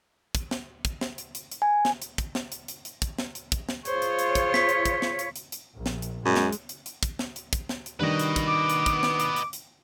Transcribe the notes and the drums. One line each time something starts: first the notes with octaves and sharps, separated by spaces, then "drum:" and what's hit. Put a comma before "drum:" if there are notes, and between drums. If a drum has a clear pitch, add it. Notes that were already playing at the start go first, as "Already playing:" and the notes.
drum: kick, hi-hat
drum: snare
drum: kick, hi-hat
drum: snare
drum: hi-hat
drum: hi-hat
drum: hi-hat
G#5
drum: snare
drum: hi-hat
drum: kick, hi-hat
drum: snare
drum: hi-hat
drum: hi-hat
drum: hi-hat
drum: kick, hi-hat
drum: snare
drum: hi-hat
drum: kick, hi-hat
drum: snare
F4 G#4 C5 C#5, drum: hi-hat
drum: hi-hat
drum: hi-hat
drum: kick, hi-hat
B6, drum: snare
drum: hi-hat
drum: kick, hi-hat
drum: snare
drum: hi-hat
drum: hi-hat
drum: hi-hat
A#1
drum: snare
drum: hi-hat
F#2 G#3
drum: snare
drum: hi-hat
drum: hi-hat
drum: hi-hat
drum: kick, hi-hat
drum: snare
drum: hi-hat
drum: kick, hi-hat
drum: snare
drum: hi-hat
D#3 G3 D4 B4 D#5
drum: hi-hat
drum: kick, hi-hat
D6
drum: hi-hat
drum: kick, hi-hat
drum: snare
drum: hi-hat
drum: hi-hat
drum: hi-hat